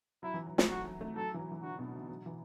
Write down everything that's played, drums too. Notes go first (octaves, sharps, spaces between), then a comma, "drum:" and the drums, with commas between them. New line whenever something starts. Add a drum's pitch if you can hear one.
F#3 E4
E3
F#3
A3, drum: snare
F#3 F#4
F#3
A3
F#3 A4
E3
F#3
E3
D3 F#4
B2
D3
F#3
E3